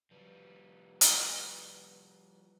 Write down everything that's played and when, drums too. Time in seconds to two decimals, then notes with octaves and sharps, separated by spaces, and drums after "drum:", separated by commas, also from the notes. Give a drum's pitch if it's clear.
0.11 F3 G3 B4
1.01 drum: hi-hat